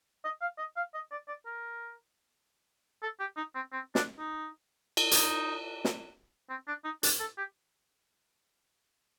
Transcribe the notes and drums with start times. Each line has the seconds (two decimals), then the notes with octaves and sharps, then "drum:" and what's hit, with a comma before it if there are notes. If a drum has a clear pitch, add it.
0.24 D#5
0.41 F5
0.58 D#5
0.77 F5
0.94 D#5
1.11 D5
1.28 D5
1.46 A#4
3.02 A4
3.20 G4
3.37 D#4
3.55 C4
3.72 C4
3.95 D4, drum: snare
4.19 D#4
4.97 drum: cymbal
5.11 D#4, drum: hi-hat
5.85 drum: snare
6.50 C4
6.68 D4
6.85 D#4
7.03 D4, drum: hi-hat
7.20 A4
7.38 G4